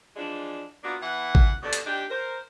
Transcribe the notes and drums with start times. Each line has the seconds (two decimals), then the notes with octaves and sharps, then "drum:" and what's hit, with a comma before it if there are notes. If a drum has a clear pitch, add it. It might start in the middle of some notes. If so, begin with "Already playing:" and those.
0.17 E3 F3 G#3 D4
0.84 A#3 B3 D4 D#4 F4 F#4
1.02 E3 B3 E4 F#5
1.35 drum: kick
1.63 D#2 B2 B3 D4 A4 D5
1.73 drum: hi-hat
1.86 A#2 D4 D#4 G4
2.10 A#4 C5